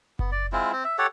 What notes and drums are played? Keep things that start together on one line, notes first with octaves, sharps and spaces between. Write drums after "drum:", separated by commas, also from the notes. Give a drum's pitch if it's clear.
B3, drum: kick F#1
D5
G#3 C4 E4 F4
C4
E5
G4 A4 C#5 F#5